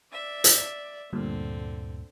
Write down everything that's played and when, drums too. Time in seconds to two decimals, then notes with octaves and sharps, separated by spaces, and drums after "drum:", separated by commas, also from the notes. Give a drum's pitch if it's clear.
0.12 D5 E5
0.44 drum: hi-hat
1.13 D2 G2 A#2 D3 C4